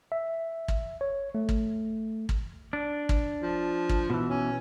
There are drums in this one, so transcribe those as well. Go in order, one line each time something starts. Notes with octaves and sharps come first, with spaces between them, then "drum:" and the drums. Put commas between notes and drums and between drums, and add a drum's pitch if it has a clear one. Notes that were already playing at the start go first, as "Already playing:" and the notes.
E5
drum: kick
C#5
A3
drum: kick
drum: kick
D4
drum: kick
F3
drum: kick
B2 E3
C#4